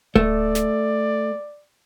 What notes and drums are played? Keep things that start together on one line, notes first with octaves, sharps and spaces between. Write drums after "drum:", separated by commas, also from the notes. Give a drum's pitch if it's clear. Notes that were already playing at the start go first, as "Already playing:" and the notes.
A3 D5, drum: kick D1
drum: snare